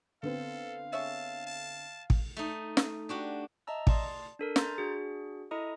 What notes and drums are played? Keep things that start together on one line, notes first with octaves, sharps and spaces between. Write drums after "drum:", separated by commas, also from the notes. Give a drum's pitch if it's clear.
D3 B3 C4 A4 F5
G#4 C#5 E5 A5
A5
drum: kick
A3 D#4
drum: snare
D4 F#4 G4
D#5 E5 A5 A#5 E6
D5 A5 C6 D#6, drum: kick
D4 A4 A#4
A#5 C6 G6 A6, drum: snare
D4 F#4 G#4
E4 A4 D#5 A#5 D#6